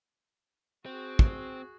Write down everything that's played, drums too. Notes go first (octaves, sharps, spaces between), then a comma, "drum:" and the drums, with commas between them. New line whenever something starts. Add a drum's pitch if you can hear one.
C4 F#4 G#4
drum: kick